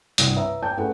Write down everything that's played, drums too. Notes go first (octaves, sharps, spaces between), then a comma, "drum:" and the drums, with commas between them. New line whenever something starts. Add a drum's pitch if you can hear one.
C2 G2 C4 F#5 D#6, drum: hi-hat
B4 C#5 E5 A#5
G5 A5 G6
A3 C#4 G#4 A#4 B4 F#5